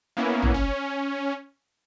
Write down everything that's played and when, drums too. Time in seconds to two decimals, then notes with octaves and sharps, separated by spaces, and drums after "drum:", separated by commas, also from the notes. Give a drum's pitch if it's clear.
0.17 A#3 B3 C#4 E4
0.42 drum: tom
0.54 C#4